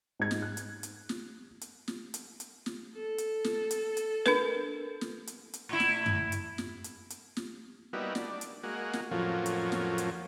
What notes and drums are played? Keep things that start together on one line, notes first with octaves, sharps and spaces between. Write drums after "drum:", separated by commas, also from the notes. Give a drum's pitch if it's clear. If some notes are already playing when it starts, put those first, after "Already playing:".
G#2 G#6
drum: snare
F#6
drum: hi-hat
drum: hi-hat
drum: snare
drum: hi-hat
drum: snare
drum: hi-hat
drum: hi-hat
drum: snare
A4
drum: hi-hat
drum: snare
drum: hi-hat
drum: hi-hat
D4 A#4 B4, drum: snare
drum: snare
drum: hi-hat
drum: hi-hat
A2 E4
drum: snare
drum: tom F#2
drum: hi-hat
drum: snare
drum: hi-hat
drum: hi-hat
drum: snare
G3 A#3 B3 D#4 E4 F#4
D4, drum: snare
drum: hi-hat
G#3 A#3 F#4
drum: snare
F2 A2 F3 F#3 A#3 C#4
drum: hi-hat
drum: snare
drum: hi-hat